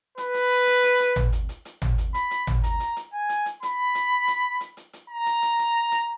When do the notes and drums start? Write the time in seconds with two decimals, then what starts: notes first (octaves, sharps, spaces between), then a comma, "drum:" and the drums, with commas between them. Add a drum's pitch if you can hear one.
0.18 B4, drum: hi-hat
0.34 drum: hi-hat
0.67 drum: hi-hat
0.83 drum: hi-hat
1.00 drum: hi-hat
1.16 drum: tom G#1
1.32 drum: hi-hat
1.49 drum: hi-hat
1.65 drum: hi-hat
1.82 drum: tom G#1
1.98 drum: hi-hat
2.14 B5, drum: hi-hat
2.31 drum: hi-hat
2.47 drum: tom G#1
2.64 A#5, drum: hi-hat
2.80 drum: hi-hat
2.96 drum: hi-hat
3.13 G#5
3.29 drum: hi-hat
3.46 drum: hi-hat
3.63 B5, drum: hi-hat
3.95 drum: hi-hat
4.28 drum: hi-hat
4.60 drum: hi-hat
4.77 drum: hi-hat
4.93 drum: hi-hat
5.10 A#5
5.26 drum: hi-hat
5.43 drum: hi-hat
5.59 drum: hi-hat
5.92 drum: hi-hat